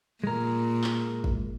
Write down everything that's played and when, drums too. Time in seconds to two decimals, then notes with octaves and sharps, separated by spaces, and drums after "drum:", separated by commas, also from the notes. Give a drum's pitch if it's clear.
0.24 A#2 G#3 A#4
0.84 drum: clap
1.24 drum: kick